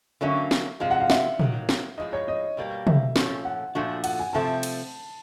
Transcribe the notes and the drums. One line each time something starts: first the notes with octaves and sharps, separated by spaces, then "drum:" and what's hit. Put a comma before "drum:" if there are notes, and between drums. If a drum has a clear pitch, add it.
D3 F#3 A#3 C#4 E5
drum: snare
C3 F3 G#3 F5
F#5
F5
E5, drum: snare
D#3 F#3 A#3, drum: tom
drum: snare
A2 F3 G#3 D#5
C#5
D#5
B2 G3 A#3
E5, drum: tom
A#2 F3 A3 C#4, drum: snare
F#5
A#2 F3 A3 D4 F#4
F#5, drum: cymbal
G#5
C3 F3 A3 C4 A5
drum: cymbal